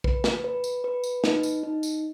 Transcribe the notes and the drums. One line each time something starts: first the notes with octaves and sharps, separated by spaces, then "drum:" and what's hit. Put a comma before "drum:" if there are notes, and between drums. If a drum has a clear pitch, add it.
B4, drum: kick A#1
drum: snare
B4
drum: tambourine
B4
drum: tambourine
D#4, drum: snare
drum: tambourine
D#4
drum: tambourine